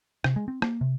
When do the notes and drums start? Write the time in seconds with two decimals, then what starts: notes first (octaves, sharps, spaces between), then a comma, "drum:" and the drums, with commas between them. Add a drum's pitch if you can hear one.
0.24 C3, drum: rim click
0.36 G#3
0.48 C4
0.62 A#3, drum: rim click
0.81 C3